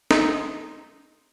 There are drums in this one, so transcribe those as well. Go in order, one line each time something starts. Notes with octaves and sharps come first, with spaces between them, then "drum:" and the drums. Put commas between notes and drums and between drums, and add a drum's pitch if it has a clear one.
D#4, drum: snare